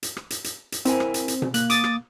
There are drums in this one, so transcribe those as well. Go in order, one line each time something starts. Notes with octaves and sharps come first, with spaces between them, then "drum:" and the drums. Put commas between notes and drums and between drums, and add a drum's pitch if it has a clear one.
drum: hi-hat
drum: rim click
drum: hi-hat
drum: hi-hat
drum: hi-hat
C4 E4 A#4 G#5, drum: hi-hat
drum: rim click
drum: hi-hat
drum: hi-hat
drum: tom B2
A#3 F#6, drum: hi-hat
D6 D#6 A6, drum: hi-hat
drum: rim click